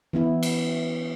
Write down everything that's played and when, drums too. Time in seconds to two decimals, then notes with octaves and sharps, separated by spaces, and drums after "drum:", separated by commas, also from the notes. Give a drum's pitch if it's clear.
0.13 E3 B3 E4
0.43 drum: cymbal